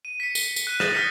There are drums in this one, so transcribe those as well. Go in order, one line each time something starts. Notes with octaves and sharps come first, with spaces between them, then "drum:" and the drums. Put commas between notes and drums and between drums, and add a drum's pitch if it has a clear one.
D#7
B6 C#7
C#7 G7, drum: tambourine
drum: tambourine
F#6 D#7
D#6 G6 A6 A#6, drum: rim click
D#6 F6 G6 A#6 B6 C#7